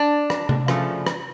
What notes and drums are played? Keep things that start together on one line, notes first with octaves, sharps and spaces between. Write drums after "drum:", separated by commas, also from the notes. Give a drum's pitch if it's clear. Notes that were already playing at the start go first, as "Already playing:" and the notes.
Already playing: D4 D5
drum: rim click
drum: tom C3
C#3 F3 A3, drum: rim click
drum: rim click